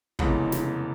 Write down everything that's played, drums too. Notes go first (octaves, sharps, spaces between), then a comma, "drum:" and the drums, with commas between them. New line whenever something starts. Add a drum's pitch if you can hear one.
F1 E2 C#3 E3 G#3, drum: kick
drum: snare